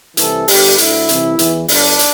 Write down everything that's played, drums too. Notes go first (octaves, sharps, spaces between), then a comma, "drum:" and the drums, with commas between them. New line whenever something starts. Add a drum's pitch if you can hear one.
C2 C3 E3 A4, drum: hi-hat
G1 G2 D3 G4, drum: open hi-hat
D2 D3 E4, drum: hi-hat
C2 C3 E3, drum: hi-hat
E2 E3, drum: hi-hat
G1 G2 D3 D4, drum: open hi-hat
drum: hi-hat